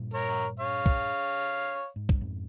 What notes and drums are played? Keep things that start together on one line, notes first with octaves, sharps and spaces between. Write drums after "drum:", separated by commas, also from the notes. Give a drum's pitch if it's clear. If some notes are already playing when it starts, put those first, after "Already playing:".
Already playing: G2 A#2
A#4 C#5
C#5 F5
drum: kick B1
G#2
G2, drum: kick B1
F2 G#2